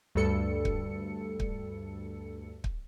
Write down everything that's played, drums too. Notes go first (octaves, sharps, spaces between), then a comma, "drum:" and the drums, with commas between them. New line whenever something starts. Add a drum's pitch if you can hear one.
D2 G2 G3 A4 C#7
drum: kick
drum: kick
drum: kick